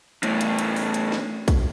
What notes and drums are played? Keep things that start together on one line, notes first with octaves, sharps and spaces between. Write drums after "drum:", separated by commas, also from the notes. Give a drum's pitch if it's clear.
E2 A2, drum: hi-hat
drum: hi-hat
drum: hi-hat
drum: open hi-hat
drum: hi-hat
drum: snare
drum: kick, hi-hat